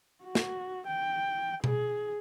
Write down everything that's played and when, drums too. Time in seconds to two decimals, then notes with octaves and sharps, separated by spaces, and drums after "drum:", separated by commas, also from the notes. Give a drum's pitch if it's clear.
0.24 F#4
0.35 drum: snare
0.87 G5
1.64 G#4, drum: tom B2